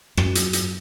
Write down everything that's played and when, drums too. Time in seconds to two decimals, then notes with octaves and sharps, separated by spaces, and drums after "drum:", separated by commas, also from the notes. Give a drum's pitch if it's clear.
0.17 F#2, drum: rim click
0.35 drum: hi-hat
0.53 drum: hi-hat